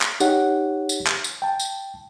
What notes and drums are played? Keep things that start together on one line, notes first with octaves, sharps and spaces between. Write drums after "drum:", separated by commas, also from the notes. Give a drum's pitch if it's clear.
drum: clap
D#4 G4 C#5 F#5, drum: tambourine
drum: tambourine
drum: clap
drum: tambourine
G5 A5
drum: tambourine